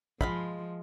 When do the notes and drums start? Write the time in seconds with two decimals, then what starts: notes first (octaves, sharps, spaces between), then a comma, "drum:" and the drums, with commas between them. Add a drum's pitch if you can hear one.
0.21 F3 G#3 F4 B5, drum: kick